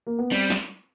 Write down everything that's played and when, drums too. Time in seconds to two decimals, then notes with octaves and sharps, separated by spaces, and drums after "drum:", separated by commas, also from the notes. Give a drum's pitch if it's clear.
0.07 A#3
0.19 B3
0.31 G3 C4
0.50 drum: snare